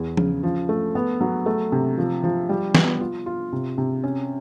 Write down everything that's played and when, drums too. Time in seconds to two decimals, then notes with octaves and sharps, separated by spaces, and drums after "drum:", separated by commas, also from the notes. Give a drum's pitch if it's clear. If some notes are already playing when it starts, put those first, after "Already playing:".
Already playing: E2
0.17 C#3, drum: tom F3
0.43 F3
0.69 A3
0.95 B3
1.21 F#3
1.46 A3
1.72 C3
1.98 F3
2.24 F3
2.49 G3
2.75 B3, drum: snare
3.01 F4
3.26 F4
3.53 C3
3.78 C3
4.04 C#4